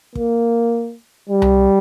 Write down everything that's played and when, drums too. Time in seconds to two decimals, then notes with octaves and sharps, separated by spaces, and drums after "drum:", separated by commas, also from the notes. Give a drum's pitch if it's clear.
0.15 A#3, drum: kick
1.29 G3
1.42 drum: tom C2